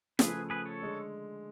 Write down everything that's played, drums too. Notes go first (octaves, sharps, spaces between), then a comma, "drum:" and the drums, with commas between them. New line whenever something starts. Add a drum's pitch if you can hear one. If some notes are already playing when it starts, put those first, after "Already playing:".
C#3 F3 A3 G#4 B4, drum: snare
G#4 B4
A4 C#5
D3 G#3